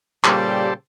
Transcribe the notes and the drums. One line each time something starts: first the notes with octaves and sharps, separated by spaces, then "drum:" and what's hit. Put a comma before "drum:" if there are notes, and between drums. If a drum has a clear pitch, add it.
A#2 C#3 G3 G4 A4 C5, drum: clap